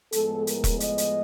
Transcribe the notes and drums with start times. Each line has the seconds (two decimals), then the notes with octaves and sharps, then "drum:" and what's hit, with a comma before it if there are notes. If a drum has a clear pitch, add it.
0.12 A2 F3 G#3 B3 A4, drum: hi-hat
0.47 A#4, drum: hi-hat
0.64 drum: kick E1, hi-hat
0.80 D#5, drum: hi-hat
0.98 drum: hi-hat